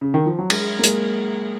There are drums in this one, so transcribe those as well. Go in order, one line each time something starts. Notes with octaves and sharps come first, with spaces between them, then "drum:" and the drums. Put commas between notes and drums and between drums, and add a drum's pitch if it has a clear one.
C#3
D#3
F3
F#3
G#3, drum: cymbal
A#3
G#3, drum: hi-hat